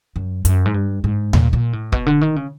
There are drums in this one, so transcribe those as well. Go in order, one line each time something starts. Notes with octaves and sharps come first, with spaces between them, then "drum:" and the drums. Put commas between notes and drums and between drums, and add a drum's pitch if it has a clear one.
F#2
F#2, drum: hi-hat
G#2
G2
G#2
A#2, drum: tom D#2
A#2
A2
B2, drum: kick
D3
D#3
C#3